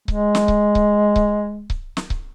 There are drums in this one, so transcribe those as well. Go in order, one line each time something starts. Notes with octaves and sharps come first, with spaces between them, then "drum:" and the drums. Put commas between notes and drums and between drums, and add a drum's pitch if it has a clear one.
G#3, drum: kick C#1
drum: snare
drum: kick C#1
drum: kick C#1
drum: kick C#1
drum: kick C#1
drum: snare
drum: kick C#1